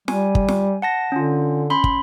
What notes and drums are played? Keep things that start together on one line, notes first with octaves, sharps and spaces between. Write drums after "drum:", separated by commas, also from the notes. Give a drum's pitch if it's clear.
G3 G#5, drum: snare
drum: kick
drum: snare
F#5 A5 A#6
D3 C#4 F4
C#4 B5 C6
drum: kick